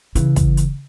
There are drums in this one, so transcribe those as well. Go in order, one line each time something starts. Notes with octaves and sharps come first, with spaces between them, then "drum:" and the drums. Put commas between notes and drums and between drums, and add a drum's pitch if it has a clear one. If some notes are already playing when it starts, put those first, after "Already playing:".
C#3 E3, drum: hi-hat
drum: kick, hi-hat
drum: hi-hat